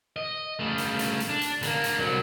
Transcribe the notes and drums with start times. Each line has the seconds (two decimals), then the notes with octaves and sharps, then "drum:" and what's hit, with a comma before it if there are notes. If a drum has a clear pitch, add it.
0.16 D#5
0.59 C#3 A3
0.78 drum: hi-hat
0.99 drum: hi-hat
1.20 drum: hi-hat
1.29 D4
1.41 drum: hi-hat
1.63 D3 A#3, drum: hi-hat
1.84 drum: hi-hat
1.99 C2 F#3